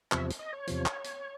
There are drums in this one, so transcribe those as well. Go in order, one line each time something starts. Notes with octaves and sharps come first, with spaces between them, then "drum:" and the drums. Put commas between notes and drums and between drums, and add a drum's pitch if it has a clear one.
E2 C3 F3 E5, drum: clap
drum: hi-hat
D#5
C#5
E2 C3 F3, drum: hi-hat
drum: clap
drum: hi-hat